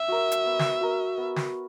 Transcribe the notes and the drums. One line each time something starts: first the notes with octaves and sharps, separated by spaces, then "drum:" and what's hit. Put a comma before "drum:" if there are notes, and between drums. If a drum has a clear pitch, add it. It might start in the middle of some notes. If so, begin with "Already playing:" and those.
Already playing: E5
F#4 A#4
drum: hi-hat
B3
drum: snare
F#4 A#4
B3
drum: snare